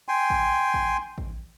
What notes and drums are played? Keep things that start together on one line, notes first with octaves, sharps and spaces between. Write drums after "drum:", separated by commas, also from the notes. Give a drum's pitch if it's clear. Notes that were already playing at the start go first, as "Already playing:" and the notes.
G5 G#5 C6
drum: kick A1
drum: kick A1
drum: kick A1